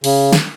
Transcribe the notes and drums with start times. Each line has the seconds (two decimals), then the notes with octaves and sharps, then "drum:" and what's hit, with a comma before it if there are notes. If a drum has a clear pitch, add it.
0.04 C#3, drum: open hi-hat
0.33 drum: snare